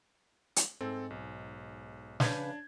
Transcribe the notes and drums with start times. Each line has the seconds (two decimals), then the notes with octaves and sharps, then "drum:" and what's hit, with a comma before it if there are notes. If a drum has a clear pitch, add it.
0.56 drum: hi-hat
0.81 G#2 C4 A4
1.10 B1
2.20 C#3 D4 B4 F5 G6 G#6, drum: snare